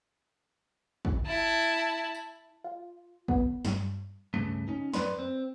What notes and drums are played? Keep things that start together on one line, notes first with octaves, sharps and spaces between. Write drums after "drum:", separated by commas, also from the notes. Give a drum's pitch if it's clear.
drum: kick
E4 A5
drum: tambourine
F4
B3, drum: kick
G2, drum: snare
C#2 G2 C#3 A3
C#4 D#4
F#2 D#3 B4 D5 B5 C6, drum: snare
C4